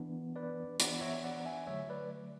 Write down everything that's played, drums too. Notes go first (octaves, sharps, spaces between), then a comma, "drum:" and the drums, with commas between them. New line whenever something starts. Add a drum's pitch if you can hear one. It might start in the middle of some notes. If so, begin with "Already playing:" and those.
Already playing: E3 B3 D4
B4 D5
E3 B3 D4 D5 F#5, drum: hi-hat
C#5 E5
D5 F#5
E5 G#5
D3 F#3 A3 C#5 E5
B4 D5